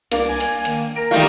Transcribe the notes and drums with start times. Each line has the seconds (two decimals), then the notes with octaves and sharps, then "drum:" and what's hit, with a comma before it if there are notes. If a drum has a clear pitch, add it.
0.11 C2 A#3 D4 D6, drum: hi-hat
0.28 G#5
0.40 drum: hi-hat
0.65 D#3 A#3, drum: hi-hat
0.96 A#4 A#5 D7
1.11 D#3 G3 A3 F4